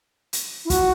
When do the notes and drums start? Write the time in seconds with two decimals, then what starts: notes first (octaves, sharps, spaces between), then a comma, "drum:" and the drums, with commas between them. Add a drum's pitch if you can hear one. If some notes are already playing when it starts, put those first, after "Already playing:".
0.33 drum: hi-hat
0.65 E4
0.70 F#4, drum: kick, hi-hat